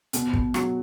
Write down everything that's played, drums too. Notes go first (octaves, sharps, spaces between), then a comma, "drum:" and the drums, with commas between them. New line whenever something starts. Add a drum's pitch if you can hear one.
B2, drum: hi-hat
drum: kick
F#3, drum: rim click